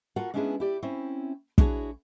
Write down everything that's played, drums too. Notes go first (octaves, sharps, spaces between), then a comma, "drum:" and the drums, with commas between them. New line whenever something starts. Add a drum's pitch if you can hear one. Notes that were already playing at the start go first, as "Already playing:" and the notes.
F4 F#4 A4 A#4 F#5
G#3 B3 C#4 D4 E4 G#4
E4 G4 D5
C4 C#4 E4
D4 E4 F#4 G#4 B4 C#5, drum: kick